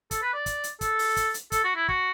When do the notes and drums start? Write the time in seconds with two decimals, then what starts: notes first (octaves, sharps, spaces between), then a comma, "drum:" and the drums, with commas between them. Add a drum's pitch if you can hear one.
0.11 A4, drum: kick, hi-hat
0.22 B4
0.34 D5
0.46 drum: kick, hi-hat
0.64 drum: hi-hat
0.81 A4, drum: kick, hi-hat
0.99 drum: open hi-hat
1.16 drum: kick, hi-hat
1.34 drum: hi-hat
1.52 A4, drum: kick, hi-hat
1.64 F#4
1.76 E4
1.88 F#4, drum: kick